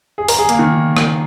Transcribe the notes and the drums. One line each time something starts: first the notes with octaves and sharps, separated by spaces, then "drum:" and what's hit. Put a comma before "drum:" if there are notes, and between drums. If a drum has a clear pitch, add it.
G#4
A#4, drum: open hi-hat
G#4
A#3, drum: hi-hat
D#3
drum: rim click